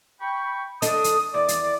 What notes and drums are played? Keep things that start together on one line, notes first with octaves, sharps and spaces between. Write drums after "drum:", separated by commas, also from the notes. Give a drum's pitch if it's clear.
G5 B5 C#6
D4 A4 D#5 D#6, drum: hi-hat
drum: hi-hat
E2 D5
drum: hi-hat